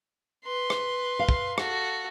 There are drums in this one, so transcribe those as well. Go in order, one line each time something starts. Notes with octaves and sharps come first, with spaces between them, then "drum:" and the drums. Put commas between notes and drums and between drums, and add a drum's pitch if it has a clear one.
B4 C6
drum: rim click
F5
drum: kick
F#4 A4, drum: rim click